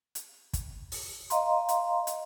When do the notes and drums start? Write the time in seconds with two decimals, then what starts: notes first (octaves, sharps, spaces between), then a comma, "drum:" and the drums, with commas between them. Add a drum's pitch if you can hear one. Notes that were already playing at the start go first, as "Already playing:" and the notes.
0.15 drum: hi-hat
0.53 drum: kick, hi-hat
0.92 drum: open hi-hat
1.30 D#5 F5 A#5 C6, drum: hi-hat
1.69 drum: hi-hat
2.07 drum: hi-hat